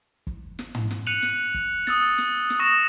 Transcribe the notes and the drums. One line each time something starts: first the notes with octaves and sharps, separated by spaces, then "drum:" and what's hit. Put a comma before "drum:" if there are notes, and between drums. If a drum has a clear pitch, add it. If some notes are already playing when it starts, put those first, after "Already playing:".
drum: kick
drum: snare
drum: tom
drum: snare
F#6 C#7 D#7 F7 F#7
drum: snare
drum: kick
D#6 E6 A6, drum: snare
drum: snare
drum: snare
C#6 D#6 A#6 E7